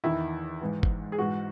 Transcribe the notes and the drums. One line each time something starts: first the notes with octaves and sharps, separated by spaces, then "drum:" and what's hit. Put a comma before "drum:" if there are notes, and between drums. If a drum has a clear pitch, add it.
E2 D#3 E4
G#2 E3
drum: kick G1
G#4
G#2 E3 F#4